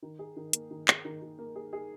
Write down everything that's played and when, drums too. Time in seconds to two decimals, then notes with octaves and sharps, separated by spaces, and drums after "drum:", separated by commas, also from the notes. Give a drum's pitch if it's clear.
0.03 D#3
0.19 G#4
0.37 D#3
0.53 A#3, drum: hi-hat
0.71 D#3
0.88 G#4, drum: clap
1.05 D#3
1.22 D#3
1.39 A#3
1.56 G#4
1.73 G#4